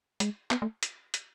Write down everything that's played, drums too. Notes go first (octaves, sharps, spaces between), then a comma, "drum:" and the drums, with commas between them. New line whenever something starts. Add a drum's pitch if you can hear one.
G#3, drum: hi-hat
B3, drum: clap
A3
drum: hi-hat
drum: hi-hat